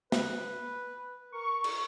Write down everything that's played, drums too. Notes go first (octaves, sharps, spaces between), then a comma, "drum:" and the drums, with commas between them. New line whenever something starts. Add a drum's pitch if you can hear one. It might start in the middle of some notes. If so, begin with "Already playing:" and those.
B4, drum: snare
A#4 C#6
drum: cymbal